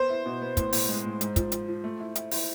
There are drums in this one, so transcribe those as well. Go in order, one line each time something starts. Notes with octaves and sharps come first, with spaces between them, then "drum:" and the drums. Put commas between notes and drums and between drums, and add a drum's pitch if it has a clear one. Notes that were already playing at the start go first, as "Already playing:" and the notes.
Already playing: B3 C5
E4
B2
B3
A2, drum: kick, hi-hat
A2, drum: open hi-hat
G#3
A2
G#2, drum: hi-hat
F3, drum: kick, hi-hat
F3, drum: hi-hat
F3
A3
E4
E4, drum: hi-hat
E4, drum: open hi-hat